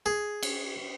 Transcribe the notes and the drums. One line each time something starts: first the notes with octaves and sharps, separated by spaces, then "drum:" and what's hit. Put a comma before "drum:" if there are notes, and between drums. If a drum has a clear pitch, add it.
G#4
drum: cymbal